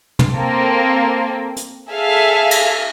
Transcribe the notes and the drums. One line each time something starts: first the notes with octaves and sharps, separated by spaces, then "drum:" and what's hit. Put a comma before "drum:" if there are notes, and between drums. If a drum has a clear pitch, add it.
drum: tom
A#3 C4 A4
drum: hi-hat
G#4 A4 E5 F5
drum: cymbal